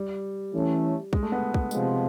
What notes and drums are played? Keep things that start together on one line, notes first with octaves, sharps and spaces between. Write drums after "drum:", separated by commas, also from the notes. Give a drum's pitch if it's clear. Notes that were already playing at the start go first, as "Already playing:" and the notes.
Already playing: G3
E3 A3 C#4
G#3, drum: kick
A3
B3
drum: kick
C3 F3 G#3, drum: tambourine